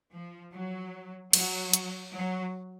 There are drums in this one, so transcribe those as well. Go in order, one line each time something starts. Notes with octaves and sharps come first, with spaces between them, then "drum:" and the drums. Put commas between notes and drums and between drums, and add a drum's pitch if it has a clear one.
F3
F#3
F#3, drum: cymbal
drum: hi-hat
F#3